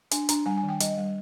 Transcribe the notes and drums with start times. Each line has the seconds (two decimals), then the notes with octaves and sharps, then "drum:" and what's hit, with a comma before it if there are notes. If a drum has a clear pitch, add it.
0.11 D4 G#5, drum: hi-hat
0.29 D4 A#5, drum: hi-hat
0.46 G3 G#5
0.57 G#5
0.63 D#3
0.69 G5
0.80 G3 D#5, drum: hi-hat
0.98 G3